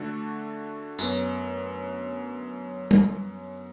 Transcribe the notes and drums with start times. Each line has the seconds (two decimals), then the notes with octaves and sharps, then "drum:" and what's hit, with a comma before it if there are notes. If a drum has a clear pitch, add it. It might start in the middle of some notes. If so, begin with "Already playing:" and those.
Already playing: D3 A3 D4 F#4 A4
0.99 F#2 F#3 B3, drum: tambourine
2.91 drum: tom G3